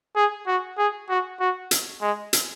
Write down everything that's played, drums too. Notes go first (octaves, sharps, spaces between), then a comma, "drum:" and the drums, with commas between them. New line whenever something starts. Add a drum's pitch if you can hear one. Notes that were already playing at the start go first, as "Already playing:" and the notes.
G#4
F#4
G#4
F#4
F#4
drum: hi-hat
G#3
drum: hi-hat